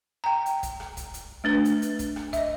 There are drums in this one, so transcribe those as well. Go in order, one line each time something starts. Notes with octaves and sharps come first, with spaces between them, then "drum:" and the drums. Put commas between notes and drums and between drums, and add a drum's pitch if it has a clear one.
G5 A#5
drum: hi-hat
drum: kick, hi-hat
drum: rim click
drum: kick, hi-hat
drum: hi-hat
A3 D4 B4
drum: hi-hat
drum: hi-hat
drum: kick, hi-hat
drum: rim click
D#5 E5, drum: kick, hi-hat